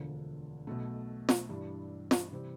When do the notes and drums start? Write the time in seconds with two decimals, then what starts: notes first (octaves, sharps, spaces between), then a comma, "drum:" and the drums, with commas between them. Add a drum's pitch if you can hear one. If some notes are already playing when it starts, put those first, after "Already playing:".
Already playing: E1 D2 D3 F3
0.67 B1 B2 A3
1.29 drum: snare
1.49 G2 E3 G3 D4
2.11 drum: snare
2.32 C3 E3 G3 C4